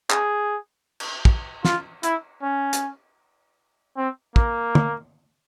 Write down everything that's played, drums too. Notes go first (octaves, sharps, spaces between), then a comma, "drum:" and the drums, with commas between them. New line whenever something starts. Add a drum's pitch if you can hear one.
G#4, drum: clap
drum: cymbal
drum: kick
F4, drum: snare
E4, drum: hi-hat
C#4
drum: hi-hat
C4
A#3, drum: kick
drum: tom